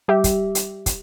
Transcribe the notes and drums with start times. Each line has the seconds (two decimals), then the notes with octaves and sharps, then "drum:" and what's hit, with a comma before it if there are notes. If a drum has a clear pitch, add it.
0.08 G3 G4 E5
0.24 drum: kick, hi-hat
0.55 drum: hi-hat
0.86 drum: kick, hi-hat